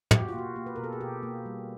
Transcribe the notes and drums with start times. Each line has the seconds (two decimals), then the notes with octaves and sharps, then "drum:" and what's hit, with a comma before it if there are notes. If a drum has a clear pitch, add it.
0.11 B2 G4, drum: tom
0.20 F#4
0.29 F4
0.34 A#3 F#4
0.56 A#3 G4
0.66 B4
0.76 B2 A#4
0.84 A4
0.93 G#4
1.01 B2 G4
1.23 A#3
1.46 G3